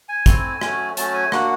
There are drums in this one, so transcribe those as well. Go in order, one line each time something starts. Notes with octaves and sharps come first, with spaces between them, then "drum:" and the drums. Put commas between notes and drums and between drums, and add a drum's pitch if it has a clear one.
G#5
A3 C4 E4, drum: kick, hi-hat
F#3 A3 C#4, drum: rim click
F#3 A3 C#4 A5, drum: hi-hat
G#5
A#3 D4 F#4 F#5, drum: rim click